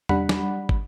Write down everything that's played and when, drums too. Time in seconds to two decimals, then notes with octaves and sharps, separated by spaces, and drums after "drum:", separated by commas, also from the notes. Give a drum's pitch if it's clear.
0.09 G3 D4 F#5 B5, drum: tom E2
0.29 drum: snare
0.69 drum: kick